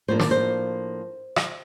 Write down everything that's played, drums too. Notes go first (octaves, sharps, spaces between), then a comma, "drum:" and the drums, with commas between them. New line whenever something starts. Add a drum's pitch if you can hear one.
A2 F3 A#3 D4 C5
D5, drum: snare
C5
drum: rim click